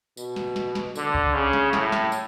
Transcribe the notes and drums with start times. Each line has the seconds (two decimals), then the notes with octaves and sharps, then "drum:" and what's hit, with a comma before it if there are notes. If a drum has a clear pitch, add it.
0.17 B2, drum: tambourine
0.36 drum: snare
0.56 drum: snare
0.75 drum: snare
0.95 D3, drum: tambourine
1.14 drum: kick C2
1.34 C#3
1.53 drum: snare
1.73 A2, drum: snare
1.92 drum: snare
2.12 drum: tambourine